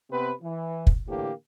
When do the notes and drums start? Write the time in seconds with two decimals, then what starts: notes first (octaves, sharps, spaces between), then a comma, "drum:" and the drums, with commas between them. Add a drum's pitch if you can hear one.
0.11 C3 B3 C4 B4
0.42 E3
0.87 drum: kick
1.07 A2 D3 E3 A#3 G4